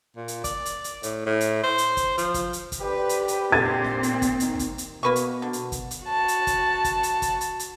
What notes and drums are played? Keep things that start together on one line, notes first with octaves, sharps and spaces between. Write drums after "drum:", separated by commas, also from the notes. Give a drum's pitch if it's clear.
A#2
drum: hi-hat
D5, drum: kick, hi-hat
drum: hi-hat
drum: hi-hat
A2, drum: hi-hat
A2
drum: hi-hat
C5
drum: hi-hat
drum: kick, hi-hat
F3, drum: hi-hat
drum: kick, hi-hat
drum: hi-hat
drum: kick, hi-hat
D3 G4 B4 C5 D5
drum: hi-hat
drum: hi-hat
D#2 A#2 C4 D4 G#6 A6 D#7
drum: snare
drum: hi-hat
drum: kick, hi-hat
D#3, drum: hi-hat
drum: kick, hi-hat
drum: hi-hat
B2 A#3 B4 C#6
drum: hi-hat
D3
drum: hi-hat
drum: kick, hi-hat
drum: hi-hat
F#4 A5
drum: hi-hat
drum: kick, hi-hat
drum: kick, hi-hat
drum: hi-hat
drum: kick, hi-hat
drum: hi-hat
drum: hi-hat